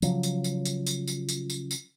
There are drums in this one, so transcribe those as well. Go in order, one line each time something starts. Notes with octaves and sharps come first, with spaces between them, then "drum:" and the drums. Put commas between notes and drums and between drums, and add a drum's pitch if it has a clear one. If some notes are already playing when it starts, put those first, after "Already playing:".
C#3 F3 F#3, drum: tambourine
drum: tambourine
drum: tambourine
drum: tambourine
drum: tambourine
drum: tambourine
drum: tambourine
drum: tambourine
drum: tambourine